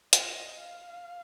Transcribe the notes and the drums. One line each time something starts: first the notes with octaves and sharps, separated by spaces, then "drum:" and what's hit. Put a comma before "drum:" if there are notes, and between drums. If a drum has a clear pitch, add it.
D#5, drum: hi-hat
F5